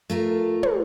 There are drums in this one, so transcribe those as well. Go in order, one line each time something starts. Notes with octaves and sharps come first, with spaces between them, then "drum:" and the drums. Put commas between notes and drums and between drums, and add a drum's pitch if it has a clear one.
A3 F4 A#4
drum: tom